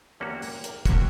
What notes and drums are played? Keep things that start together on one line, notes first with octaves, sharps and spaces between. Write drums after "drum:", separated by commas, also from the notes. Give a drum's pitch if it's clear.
E2 D3 A#3 C#4 F#4 G4
A#4, drum: open hi-hat
A#4, drum: hi-hat
D3 A#3 C#4 F#4 G4, drum: kick, hi-hat